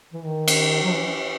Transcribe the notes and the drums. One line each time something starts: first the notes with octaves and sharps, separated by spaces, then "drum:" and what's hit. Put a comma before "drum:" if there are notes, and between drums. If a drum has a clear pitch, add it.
E3
D#3
drum: cymbal
F#3
E3